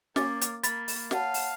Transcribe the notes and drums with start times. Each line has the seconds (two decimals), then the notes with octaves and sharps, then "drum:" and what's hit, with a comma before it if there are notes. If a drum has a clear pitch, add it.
0.16 A#3 C#4 D6 A6, drum: snare
0.41 drum: hi-hat
0.63 A#3 B5 A6, drum: hi-hat
0.88 drum: open hi-hat
1.11 C#5 F5 F#5 A5, drum: snare
1.34 drum: open hi-hat